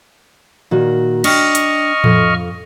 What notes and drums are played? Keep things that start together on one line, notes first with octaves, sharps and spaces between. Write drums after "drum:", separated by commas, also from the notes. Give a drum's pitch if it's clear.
A#2 D#3 F#4
D4 D#5 G5 C#6 F6, drum: cymbal
drum: hi-hat
F2, drum: tom A2